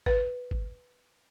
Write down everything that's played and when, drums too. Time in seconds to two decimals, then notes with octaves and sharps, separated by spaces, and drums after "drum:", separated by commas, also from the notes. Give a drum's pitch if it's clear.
0.06 B4, drum: kick
0.51 drum: kick